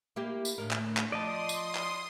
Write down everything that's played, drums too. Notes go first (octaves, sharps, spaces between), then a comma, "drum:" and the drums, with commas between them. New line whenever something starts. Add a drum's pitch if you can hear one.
A#3 E4 G4
drum: tambourine
D2 A2 A#4
drum: clap
drum: clap
F3 D5 D#5 A5 C6 D#6
drum: tambourine
drum: clap